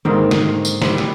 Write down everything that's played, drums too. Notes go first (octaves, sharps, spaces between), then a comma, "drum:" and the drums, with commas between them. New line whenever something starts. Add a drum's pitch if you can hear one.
G#2 D3 D#3 A#3 C4
drum: snare
drum: tambourine
G3 C4 E4, drum: snare
drum: snare